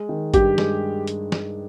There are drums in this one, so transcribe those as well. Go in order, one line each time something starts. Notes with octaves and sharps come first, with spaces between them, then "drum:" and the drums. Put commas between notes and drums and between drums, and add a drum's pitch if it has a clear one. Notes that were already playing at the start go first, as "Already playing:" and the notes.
Already playing: G#3
D#3
G2 G4, drum: kick G#1, hi-hat
G#3, drum: snare
drum: hi-hat
drum: snare